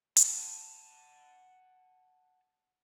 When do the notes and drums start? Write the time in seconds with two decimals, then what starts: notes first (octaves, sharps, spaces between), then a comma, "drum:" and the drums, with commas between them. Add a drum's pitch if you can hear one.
0.16 F#5 A5, drum: hi-hat